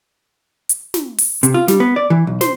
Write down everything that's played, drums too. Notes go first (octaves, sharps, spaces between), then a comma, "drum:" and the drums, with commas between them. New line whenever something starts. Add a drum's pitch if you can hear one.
drum: hi-hat
drum: snare
drum: open hi-hat
C3, drum: hi-hat
F4
G3, drum: snare
B3
D5
E3
B1
C5, drum: snare